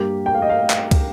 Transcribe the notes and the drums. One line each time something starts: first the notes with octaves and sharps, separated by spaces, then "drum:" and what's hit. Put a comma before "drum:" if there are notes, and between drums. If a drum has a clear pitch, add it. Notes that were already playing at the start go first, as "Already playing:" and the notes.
Already playing: G2 G3 A#3 G4
G5
F5
D#5
F5
drum: clap
drum: kick, cymbal